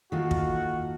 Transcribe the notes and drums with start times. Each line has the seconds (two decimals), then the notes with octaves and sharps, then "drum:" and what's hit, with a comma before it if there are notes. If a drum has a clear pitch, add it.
0.12 D#3 A#3 F4 F#4 A4
0.31 drum: kick